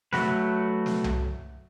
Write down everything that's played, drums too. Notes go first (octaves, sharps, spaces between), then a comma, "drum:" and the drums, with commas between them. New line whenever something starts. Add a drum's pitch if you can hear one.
F#3 A3 F#4 B4, drum: snare
drum: snare
drum: tom C2